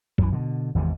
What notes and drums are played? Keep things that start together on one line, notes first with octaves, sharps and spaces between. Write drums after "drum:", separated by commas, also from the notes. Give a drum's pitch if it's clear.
F#2 E3, drum: kick
B2 D3
G#1 E2 G#2 C3